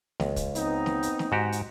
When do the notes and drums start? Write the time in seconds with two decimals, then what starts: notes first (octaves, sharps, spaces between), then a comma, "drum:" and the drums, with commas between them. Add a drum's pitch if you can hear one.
0.20 C#2, drum: snare
0.36 drum: kick, hi-hat
0.55 B3 C4 D#4, drum: hi-hat
0.86 drum: snare
1.03 drum: hi-hat
1.19 drum: snare
1.32 G#2 F#4 G4
1.52 drum: hi-hat